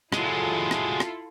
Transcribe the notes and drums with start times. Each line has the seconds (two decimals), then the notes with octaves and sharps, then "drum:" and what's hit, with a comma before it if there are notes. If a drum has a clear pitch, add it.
0.12 F#3 G#3 E4 F4 A4, drum: rim click
0.71 drum: rim click
1.00 drum: rim click